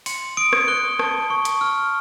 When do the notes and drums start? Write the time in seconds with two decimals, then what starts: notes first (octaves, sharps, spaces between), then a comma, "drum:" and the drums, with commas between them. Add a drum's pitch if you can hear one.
0.06 C6 C#7, drum: open hi-hat
0.37 D#6 D7
0.53 drum: rim click
0.68 F#6 G7
0.99 A5, drum: rim click
1.30 C#6
1.45 drum: hi-hat
1.61 F6